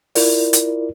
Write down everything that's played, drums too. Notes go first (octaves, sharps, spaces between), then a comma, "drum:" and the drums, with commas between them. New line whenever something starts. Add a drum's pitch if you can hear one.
E4 F4 A#4 D5, drum: open hi-hat
drum: hi-hat